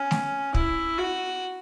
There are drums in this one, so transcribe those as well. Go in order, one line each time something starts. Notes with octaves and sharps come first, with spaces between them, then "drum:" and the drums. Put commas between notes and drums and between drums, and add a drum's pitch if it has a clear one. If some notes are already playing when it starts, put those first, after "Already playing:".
Already playing: C#4
drum: snare A3
E4, drum: kick
F#4